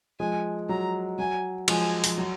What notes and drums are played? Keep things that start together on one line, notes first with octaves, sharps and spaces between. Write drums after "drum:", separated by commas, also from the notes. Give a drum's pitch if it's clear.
F3 G#3 G#5
F#3 A#5
F#3 G#5
F3 G#3 G#5, drum: cymbal
F3, drum: open hi-hat
F#3